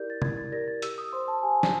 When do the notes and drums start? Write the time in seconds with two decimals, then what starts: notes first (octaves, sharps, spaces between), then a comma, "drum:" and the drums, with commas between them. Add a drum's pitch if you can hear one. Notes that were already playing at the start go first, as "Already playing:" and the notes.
Already playing: E4 G4 A#4 D5 G6
0.10 A6
0.22 E4 G#6, drum: tom C3
0.37 A6
0.52 G4 A#4 D5 A#6
0.68 A6
0.82 G4 E6, drum: hi-hat
0.98 D#6
1.13 C5 C6
1.28 A5
1.43 G4 G#5
1.63 drum: snare